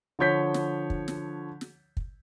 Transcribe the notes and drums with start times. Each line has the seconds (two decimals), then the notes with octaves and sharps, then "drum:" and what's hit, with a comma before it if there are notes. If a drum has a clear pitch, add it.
0.19 D3 F3 C#5 G6 B6
0.54 drum: snare
0.90 drum: kick
1.08 drum: snare
1.61 drum: snare
1.97 drum: kick